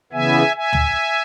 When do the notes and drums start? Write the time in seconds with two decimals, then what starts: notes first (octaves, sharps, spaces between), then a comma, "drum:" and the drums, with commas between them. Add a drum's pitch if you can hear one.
0.13 C#3 E3 B3 E5 G#5
0.56 E5 G#5
0.73 drum: tom